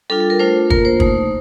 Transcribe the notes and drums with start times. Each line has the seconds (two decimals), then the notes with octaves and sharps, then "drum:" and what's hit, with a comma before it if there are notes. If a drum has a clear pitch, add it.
0.10 G3 D4 F4 A4
0.20 A4
0.30 A#4
0.39 A3 D4 F4 C5
0.70 A#3 F4 A#4, drum: kick
0.85 C5
1.00 A3 D#4, drum: kick